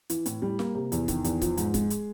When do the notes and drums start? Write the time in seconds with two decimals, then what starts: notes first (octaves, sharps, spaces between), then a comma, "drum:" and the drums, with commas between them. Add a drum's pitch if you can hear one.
0.10 E3, drum: hi-hat
0.26 A2, drum: hi-hat
0.42 G3
0.59 A#3, drum: snare
0.75 C3
0.92 E2, drum: hi-hat
1.08 D#3, drum: kick C#1, hi-hat
1.24 E2, drum: hi-hat
1.42 F3, drum: kick C#1, hi-hat
1.57 G#2, drum: hi-hat
1.74 G#3, drum: kick C#1, hi-hat
1.90 drum: hi-hat